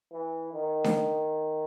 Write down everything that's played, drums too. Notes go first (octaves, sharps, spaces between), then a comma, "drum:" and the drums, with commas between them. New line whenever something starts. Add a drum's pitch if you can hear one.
E3
D#3
drum: snare D4